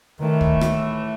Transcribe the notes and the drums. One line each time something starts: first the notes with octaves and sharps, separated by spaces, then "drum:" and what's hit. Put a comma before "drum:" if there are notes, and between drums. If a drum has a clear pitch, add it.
A2 D#3 E3 A3
drum: kick
drum: rim click